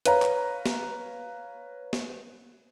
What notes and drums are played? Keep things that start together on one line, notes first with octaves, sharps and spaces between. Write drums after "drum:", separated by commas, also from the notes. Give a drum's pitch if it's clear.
B4 C#5 F5 A#5, drum: hi-hat
drum: clap
drum: snare
drum: snare